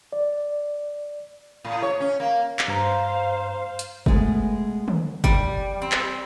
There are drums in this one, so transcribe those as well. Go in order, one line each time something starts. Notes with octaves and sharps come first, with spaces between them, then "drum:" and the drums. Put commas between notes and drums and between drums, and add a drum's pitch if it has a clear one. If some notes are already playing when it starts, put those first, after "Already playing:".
D5
A2
C#5
C#4
A#3
drum: clap
G2 C5 F5 A#5
drum: hi-hat
B2 G#3 A3, drum: kick F#1
drum: tom
G3, drum: kick F#1
C4
drum: clap